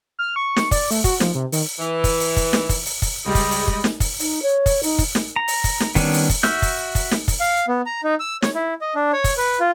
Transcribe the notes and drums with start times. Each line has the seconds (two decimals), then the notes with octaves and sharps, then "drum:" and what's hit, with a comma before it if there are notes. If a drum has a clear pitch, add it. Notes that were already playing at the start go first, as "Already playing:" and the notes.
0.19 F6
0.36 C#6
0.56 drum: snare
0.71 D5, drum: kick, open hi-hat
0.91 A3, drum: open hi-hat
1.04 F#4, drum: kick, open hi-hat
1.20 F3, drum: snare
1.35 C3
1.52 D#3, drum: open hi-hat
1.79 E3
2.04 drum: kick, open hi-hat
2.20 drum: open hi-hat
2.37 drum: kick, open hi-hat
2.53 drum: snare
2.69 drum: kick, open hi-hat
2.86 drum: open hi-hat
3.02 drum: kick, open hi-hat
3.26 C#2 G3 G#3 G4 D#5 B5
3.35 drum: kick, open hi-hat
3.51 drum: open hi-hat
3.68 drum: kick
3.84 drum: snare
4.00 drum: kick, open hi-hat
4.19 D#4, drum: open hi-hat
4.42 C#5
4.66 drum: kick, open hi-hat
4.83 D#4, drum: open hi-hat
4.99 drum: kick, open hi-hat
5.15 drum: snare
5.36 A#5
5.48 drum: open hi-hat
5.64 drum: kick, open hi-hat
5.80 drum: snare
5.95 D#3 G3 B3 C#4 D4, drum: kick, open hi-hat
6.13 drum: open hi-hat
6.30 drum: kick, open hi-hat
6.43 F#4 E5 E6 F6 G6, drum: snare
6.62 drum: kick, open hi-hat
6.95 drum: kick, open hi-hat
7.11 drum: snare
7.28 drum: kick, open hi-hat
7.40 F5
7.68 B3
7.86 A#5
8.04 D#4
8.20 E6
8.42 C#5, drum: snare
8.55 E4
8.81 D#5
8.95 D4
9.13 C#5
9.24 drum: kick, open hi-hat
9.37 B4
9.60 F4